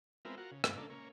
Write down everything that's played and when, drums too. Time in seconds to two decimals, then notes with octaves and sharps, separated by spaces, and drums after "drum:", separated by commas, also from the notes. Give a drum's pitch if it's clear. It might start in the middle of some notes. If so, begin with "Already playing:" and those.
0.25 G#3 B3 C4 E4 F4 A#4
0.37 F4 F#4 A#4
0.51 C#3
0.64 G2 B3 F4, drum: rim click
0.77 C#3 A#3 D4 A4
0.90 A#3 C#4